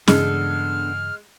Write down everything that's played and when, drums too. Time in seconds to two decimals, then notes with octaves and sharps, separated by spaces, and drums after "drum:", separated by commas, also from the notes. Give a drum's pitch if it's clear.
0.08 G2 C#3 E3 G#3 B3 D4 A4 F6, drum: snare C#4